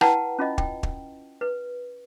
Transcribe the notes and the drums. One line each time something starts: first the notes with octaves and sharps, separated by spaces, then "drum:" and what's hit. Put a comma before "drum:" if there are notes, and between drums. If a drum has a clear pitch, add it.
E4 B4 F#5 G5 A5 A#5, drum: rim click
C#4 F4 D#5
G5, drum: kick
drum: kick
B4